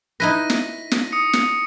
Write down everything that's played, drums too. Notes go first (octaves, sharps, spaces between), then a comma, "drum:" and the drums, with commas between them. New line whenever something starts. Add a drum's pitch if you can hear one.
D#4 E4 B4 A#6 B6 D#7
drum: snare
drum: snare
D#6 C#7
drum: snare